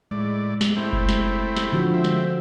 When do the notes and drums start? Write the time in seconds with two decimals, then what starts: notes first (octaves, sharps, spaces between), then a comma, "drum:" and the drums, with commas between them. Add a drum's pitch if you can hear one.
0.11 A2 G#3 D5
0.61 drum: snare
0.77 A3 C4 E4
0.93 drum: kick F#1
1.09 drum: snare
1.56 drum: snare
1.72 D3 F3 F#4
1.94 C4 E5
2.04 drum: snare